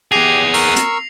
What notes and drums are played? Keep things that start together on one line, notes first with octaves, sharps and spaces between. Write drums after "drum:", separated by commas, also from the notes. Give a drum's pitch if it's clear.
B3 G4 G#4 A#6 C7 F7
A#4 C#6 E6, drum: open hi-hat
drum: hi-hat